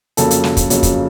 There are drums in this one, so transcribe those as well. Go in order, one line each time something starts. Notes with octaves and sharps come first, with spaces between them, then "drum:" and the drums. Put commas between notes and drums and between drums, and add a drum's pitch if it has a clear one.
F2 C#3 F#3 A#3 A4, drum: hi-hat
drum: hi-hat
drum: snare
drum: kick, hi-hat
F2 C#3 F#3 A#3, drum: hi-hat
drum: kick, hi-hat